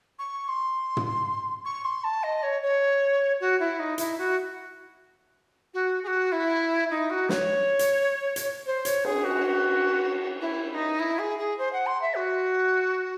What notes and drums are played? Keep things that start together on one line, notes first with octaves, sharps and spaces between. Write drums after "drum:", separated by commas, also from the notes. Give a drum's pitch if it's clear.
C#6
C6
drum: tom
C#6
C6
A5
D#5
C#5
C#5
F#4
E4
D#4
E4, drum: hi-hat
F#4
F#4
G#4
F#4
E4
D#4
F#4
C#5, drum: snare
drum: hi-hat
drum: hi-hat
C5
C#5, drum: hi-hat
G#4, drum: cymbal
F#4
E4
E4
D#4
E4
G#4
G#4
C5
F#5
C6
E5
F#4